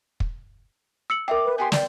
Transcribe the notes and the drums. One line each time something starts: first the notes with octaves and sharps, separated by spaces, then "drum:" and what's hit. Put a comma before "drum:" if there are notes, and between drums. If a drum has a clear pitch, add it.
drum: kick
E6 C#7 F#7
A#4 D5 E5 G5
B4
B3 G4 G#5 C6
D5 G5 C6, drum: snare